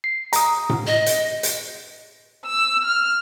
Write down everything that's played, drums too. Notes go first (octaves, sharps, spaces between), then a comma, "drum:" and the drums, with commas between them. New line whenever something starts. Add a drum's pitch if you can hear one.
C7
A#5 D#6, drum: hi-hat
drum: tom A2
D#5
drum: hi-hat
drum: hi-hat
E6
F6